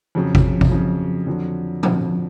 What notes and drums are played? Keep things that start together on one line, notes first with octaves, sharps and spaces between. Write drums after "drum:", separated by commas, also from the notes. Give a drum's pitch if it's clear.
F2 C#3 F#3
drum: kick
drum: kick
F2 C#3 F#3
F2 D3 F#3
F2 D3 F#3, drum: tom